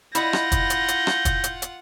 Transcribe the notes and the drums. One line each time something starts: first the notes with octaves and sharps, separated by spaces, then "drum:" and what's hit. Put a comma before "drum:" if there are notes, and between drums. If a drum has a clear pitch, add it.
E4 F4 D#5 F#5 G6 A#6, drum: hi-hat
drum: rim click
drum: kick, hi-hat
drum: hi-hat
drum: hi-hat
drum: rim click
drum: kick, hi-hat
drum: hi-hat
drum: hi-hat